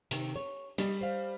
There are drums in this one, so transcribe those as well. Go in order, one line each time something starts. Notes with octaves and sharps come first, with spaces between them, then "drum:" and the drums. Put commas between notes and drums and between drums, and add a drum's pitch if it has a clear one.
C3 D#3, drum: hi-hat
C#5
G3 D#5, drum: hi-hat
C5 F5